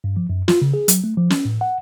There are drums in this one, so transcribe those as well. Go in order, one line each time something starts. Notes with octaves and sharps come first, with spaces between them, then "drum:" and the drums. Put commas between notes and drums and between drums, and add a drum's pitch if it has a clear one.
G2
F3
F#2
F4, drum: snare
C#3
G#4
F#3, drum: hi-hat
A3
F3
C#4, drum: snare
A2
F#5